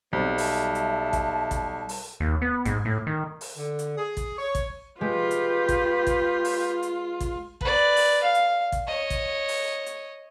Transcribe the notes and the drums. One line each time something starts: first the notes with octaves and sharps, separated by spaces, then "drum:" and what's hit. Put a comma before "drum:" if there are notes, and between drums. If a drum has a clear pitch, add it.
B1 G3 C4 C5
E5 A5, drum: open hi-hat
drum: hi-hat
drum: kick A1, hi-hat
drum: kick A1, hi-hat
drum: open hi-hat
D#2
B3
G#2, drum: kick A1, hi-hat
A2
D#3
drum: open hi-hat
D3
drum: hi-hat
G#4
drum: kick A1, hi-hat
C#5
drum: kick A1, hi-hat
G#3 F4 G4 B4
drum: hi-hat
drum: kick A1, hi-hat
drum: kick A1, hi-hat
drum: open hi-hat
drum: hi-hat
drum: kick A1, hi-hat
B4 D5, drum: kick A1
drum: open hi-hat
F5
drum: hi-hat
drum: kick A1, hi-hat
C#5 D#5
drum: kick A1, hi-hat
drum: open hi-hat
drum: hi-hat